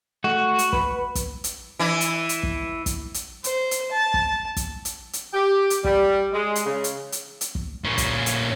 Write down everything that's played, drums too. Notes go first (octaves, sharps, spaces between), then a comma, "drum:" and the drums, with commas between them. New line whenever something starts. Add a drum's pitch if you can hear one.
A3 F#4
drum: hi-hat
B4, drum: kick
drum: kick, hi-hat
drum: hi-hat
E3 E4
drum: hi-hat
drum: hi-hat
drum: kick
drum: kick, hi-hat
drum: hi-hat
C5, drum: hi-hat
drum: hi-hat
A5
drum: kick
drum: kick, hi-hat
drum: hi-hat
drum: hi-hat
G4
drum: hi-hat
G3, drum: kick
G#3
drum: hi-hat
C#3
drum: hi-hat
drum: hi-hat
drum: hi-hat
drum: kick
A#2 C#4
drum: kick, hi-hat
drum: hi-hat